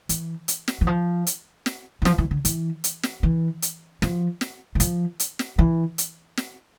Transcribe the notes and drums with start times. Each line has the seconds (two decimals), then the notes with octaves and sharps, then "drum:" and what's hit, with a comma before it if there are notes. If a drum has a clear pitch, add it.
0.09 E3, drum: hi-hat
0.48 drum: hi-hat
0.68 drum: snare
0.81 E3
0.87 F3
1.27 drum: hi-hat
1.66 drum: snare
2.02 E3
2.05 F3, drum: snare
2.18 E3
2.31 D3
2.45 E3, drum: hi-hat
2.84 drum: hi-hat
3.03 drum: snare
3.23 E3
3.62 drum: hi-hat
4.02 F3, drum: snare
4.41 drum: snare
4.75 E3
4.80 F3, drum: hi-hat
5.20 drum: hi-hat
5.39 drum: snare
5.58 E3
5.98 drum: hi-hat
6.37 drum: snare